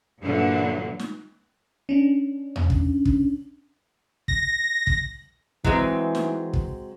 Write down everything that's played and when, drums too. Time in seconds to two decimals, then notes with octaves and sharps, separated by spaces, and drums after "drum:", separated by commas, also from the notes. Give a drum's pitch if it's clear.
0.22 G2 A#2 D3 E3 F#3
0.99 drum: snare
1.89 C#4 D4
2.56 drum: tom E2
2.70 drum: kick
3.05 drum: kick
4.28 A#6, drum: kick
4.87 drum: kick
5.64 E3 F#3 G#3 C4, drum: kick
6.15 drum: snare
6.53 drum: kick